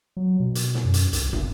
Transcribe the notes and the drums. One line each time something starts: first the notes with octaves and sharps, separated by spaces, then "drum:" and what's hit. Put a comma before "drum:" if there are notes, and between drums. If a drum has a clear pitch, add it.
F#3
B2
drum: hi-hat
drum: snare
F#2
drum: hi-hat
C2, drum: hi-hat
F#1, drum: tom